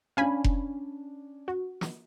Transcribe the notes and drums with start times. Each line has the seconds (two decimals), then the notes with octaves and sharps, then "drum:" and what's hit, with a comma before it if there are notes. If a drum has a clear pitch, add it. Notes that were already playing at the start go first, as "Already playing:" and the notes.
0.17 C#4 D4 F5 G#5 B5
0.44 drum: kick F1
1.48 F#4
1.81 drum: snare